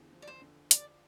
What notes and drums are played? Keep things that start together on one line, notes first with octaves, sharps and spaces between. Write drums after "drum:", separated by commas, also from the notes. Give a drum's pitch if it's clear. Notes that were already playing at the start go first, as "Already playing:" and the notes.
Already playing: E2 D3 F3
F3
D5
C5
D3
D3 D5, drum: hi-hat